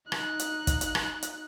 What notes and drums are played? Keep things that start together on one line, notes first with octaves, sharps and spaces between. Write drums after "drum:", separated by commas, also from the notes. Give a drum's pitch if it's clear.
D#4 F#6, drum: rim click
drum: hi-hat
drum: kick, hi-hat
drum: hi-hat
drum: rim click
drum: hi-hat